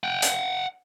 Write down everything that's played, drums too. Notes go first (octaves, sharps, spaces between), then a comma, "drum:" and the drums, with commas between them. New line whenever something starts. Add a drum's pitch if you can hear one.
F#5 G5
drum: hi-hat